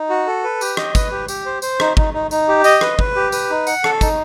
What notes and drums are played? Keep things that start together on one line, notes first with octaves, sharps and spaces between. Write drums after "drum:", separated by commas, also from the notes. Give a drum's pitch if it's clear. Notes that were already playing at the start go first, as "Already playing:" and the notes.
Already playing: D#4
F#4
A4
B4
G4, drum: tambourine
D#5, drum: rim click
B4, drum: kick, tambourine
G4
G4, drum: tambourine
C5
C5, drum: tambourine
D#4, drum: rim click
D#4, drum: kick
D#4
D#4, drum: tambourine
G4
D#5, drum: tambourine
B4, drum: rim click
B4, drum: kick
G4
B4, drum: tambourine
D#4
F#5, drum: tambourine
A4, drum: rim click
D#4, drum: kick, tambourine